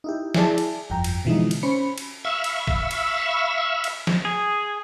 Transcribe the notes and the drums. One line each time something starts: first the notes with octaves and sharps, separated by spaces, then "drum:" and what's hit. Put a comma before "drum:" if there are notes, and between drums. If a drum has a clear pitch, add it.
D#4 E4 G4
E4 G#4 D5 A5, drum: snare
drum: cymbal
G1 F2 G5 A#5
drum: cymbal
B2 D3 E3 F3 G#3 D#4
drum: cymbal
C#4 C5 B5 C#7
drum: cymbal
E5 F5 B5 C#6 E6
drum: cymbal
drum: kick
drum: cymbal
drum: cymbal
drum: snare
G#4